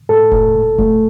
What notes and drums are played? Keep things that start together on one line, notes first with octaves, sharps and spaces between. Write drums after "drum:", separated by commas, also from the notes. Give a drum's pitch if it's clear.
A2 A4
A2, drum: kick E1
A#2
A3, drum: kick E1